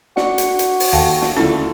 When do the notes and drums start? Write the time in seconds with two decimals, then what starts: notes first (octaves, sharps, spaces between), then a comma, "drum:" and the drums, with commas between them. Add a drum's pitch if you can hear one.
0.17 D4 F#4 C#7, drum: snare
0.38 drum: hi-hat
0.59 drum: hi-hat
0.80 drum: open hi-hat
0.93 D#2 A4 F5 G5 A5 A#6
1.22 drum: snare
1.37 D2 C#4 E4 F4 A4